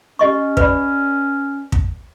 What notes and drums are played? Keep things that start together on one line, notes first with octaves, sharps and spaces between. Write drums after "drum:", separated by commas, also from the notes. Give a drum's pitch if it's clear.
C#4 G4 D#5 C#6
B4 D5 B5, drum: kick
drum: kick